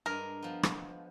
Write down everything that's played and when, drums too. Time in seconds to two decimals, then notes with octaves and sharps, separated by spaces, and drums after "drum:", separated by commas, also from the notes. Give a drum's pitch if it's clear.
0.06 G2 G#3 A#4
0.43 F3 B3
0.63 drum: rim click